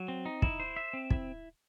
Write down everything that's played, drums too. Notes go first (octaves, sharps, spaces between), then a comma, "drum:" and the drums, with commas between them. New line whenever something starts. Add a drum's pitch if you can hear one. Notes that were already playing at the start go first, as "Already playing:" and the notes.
Already playing: F#3
C4
D#4
E4, drum: kick
C5
E5
C4
E4, drum: kick